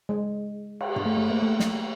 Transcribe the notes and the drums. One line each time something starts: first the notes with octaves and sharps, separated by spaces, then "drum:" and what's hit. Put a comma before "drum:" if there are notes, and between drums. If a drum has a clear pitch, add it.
G#3
drum: cymbal
drum: tom G2
A3
A3
A#3
A3
drum: snare